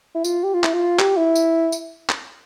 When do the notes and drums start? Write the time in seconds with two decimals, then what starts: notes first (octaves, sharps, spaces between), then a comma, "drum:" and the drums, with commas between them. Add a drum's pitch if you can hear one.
0.15 E4
0.24 F4, drum: tambourine
0.44 G4
0.54 F4
0.64 E4, drum: clap
0.74 F4
0.99 G4, drum: clap
1.17 E4
1.35 drum: tambourine
1.72 drum: tambourine
2.09 drum: clap